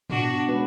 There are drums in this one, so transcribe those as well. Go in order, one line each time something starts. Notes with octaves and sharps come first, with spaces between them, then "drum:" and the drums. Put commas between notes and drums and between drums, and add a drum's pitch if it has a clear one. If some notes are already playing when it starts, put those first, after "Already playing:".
B2 D4 F#4, drum: tom
G#3 C#4 F#4 B4